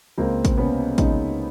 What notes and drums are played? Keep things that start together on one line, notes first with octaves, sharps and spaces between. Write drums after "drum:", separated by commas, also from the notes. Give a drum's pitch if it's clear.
C#2 A#3 C4
drum: kick A1, hi-hat
C3 B3 C#4
C#2 C#4 D#4, drum: kick A1, hi-hat